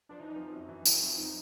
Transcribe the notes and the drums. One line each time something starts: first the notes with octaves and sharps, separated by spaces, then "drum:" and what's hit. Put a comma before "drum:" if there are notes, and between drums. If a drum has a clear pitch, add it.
F3 D4
E3 D#4
F2 F3
F#2 F#3
E3
D#3 E4, drum: tambourine
F#3
F2 F3
F3 D#4